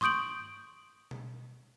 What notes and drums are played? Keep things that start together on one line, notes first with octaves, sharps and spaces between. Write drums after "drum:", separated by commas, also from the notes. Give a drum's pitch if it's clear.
C6 C#6 D#6 G6 D7 F#7, drum: tom
drum: tom B2